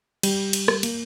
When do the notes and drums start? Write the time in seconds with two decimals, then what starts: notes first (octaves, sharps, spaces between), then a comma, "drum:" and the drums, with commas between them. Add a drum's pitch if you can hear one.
0.23 G3, drum: cymbal
0.53 drum: cymbal
0.68 drum: rim click
0.83 A#3, drum: cymbal